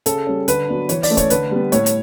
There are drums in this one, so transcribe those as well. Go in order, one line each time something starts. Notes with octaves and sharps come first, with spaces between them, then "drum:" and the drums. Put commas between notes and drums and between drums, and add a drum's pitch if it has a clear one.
C#3 A4, drum: hi-hat
G3 C#4
D3 B4, drum: hi-hat
F#3 B3 D4
E3 C#5, drum: hi-hat
D5, drum: open hi-hat
A3 C#4
C#5, drum: kick, hi-hat
D3 B4, drum: hi-hat
G3 B3
A2 C#5, drum: hi-hat
drum: hi-hat